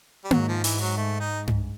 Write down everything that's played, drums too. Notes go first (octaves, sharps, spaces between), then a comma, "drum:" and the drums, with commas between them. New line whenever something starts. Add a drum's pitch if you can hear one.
G3
G#2 F#3, drum: tom A#3
F3
E3, drum: open hi-hat
F#3
A3
D#4
drum: tom G2